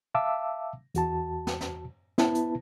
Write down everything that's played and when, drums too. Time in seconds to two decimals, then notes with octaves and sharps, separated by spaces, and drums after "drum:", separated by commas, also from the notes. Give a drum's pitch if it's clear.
0.15 E5 F5 A5 D6 E6
0.94 E2 F#4 A5, drum: hi-hat
1.47 drum: snare
1.61 drum: snare
2.18 B3 E4 B4 A5, drum: snare
2.35 drum: hi-hat